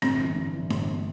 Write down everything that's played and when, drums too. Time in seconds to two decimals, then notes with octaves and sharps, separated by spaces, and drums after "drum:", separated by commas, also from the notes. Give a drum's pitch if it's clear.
0.02 G1 C4, drum: snare D4
0.20 E3
0.36 G2
0.53 E3
0.70 G1, drum: snare D4